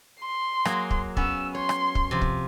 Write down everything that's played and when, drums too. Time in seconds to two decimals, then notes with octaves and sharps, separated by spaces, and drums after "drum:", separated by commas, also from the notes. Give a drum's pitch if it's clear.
0.20 C6
0.65 F#3 A#3 G#4, drum: rim click
0.90 drum: kick
1.17 B3 C#4 E6, drum: kick
1.55 C#5 C6
1.69 drum: rim click
1.95 drum: kick
2.11 C3 F3
2.21 drum: kick